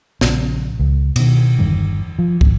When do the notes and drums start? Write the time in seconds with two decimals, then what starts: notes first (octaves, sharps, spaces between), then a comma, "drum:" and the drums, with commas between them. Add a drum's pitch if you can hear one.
0.21 A#1 C#3, drum: snare
0.79 C#2
1.16 B2 D#3, drum: cymbal
1.59 G1 E2 G2 D#3
2.19 F3
2.41 G#1, drum: kick